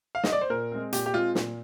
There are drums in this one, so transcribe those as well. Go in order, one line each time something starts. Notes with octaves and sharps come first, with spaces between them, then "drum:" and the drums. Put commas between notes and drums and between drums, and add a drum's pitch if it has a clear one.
F5
D#5, drum: snare
D5
C5
A#2 A#4
G#3 C4
A#2 G4, drum: hi-hat
G4
G#3 C4 F4
A#2, drum: snare